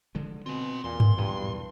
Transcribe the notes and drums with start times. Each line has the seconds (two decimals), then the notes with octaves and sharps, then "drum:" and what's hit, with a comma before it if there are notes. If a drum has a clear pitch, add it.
0.15 D3 F3 G#3
0.46 B2 C4 F4 G#5
0.84 E2 A#2 C6
1.00 drum: tom G2
1.18 B1 E2 G2 E3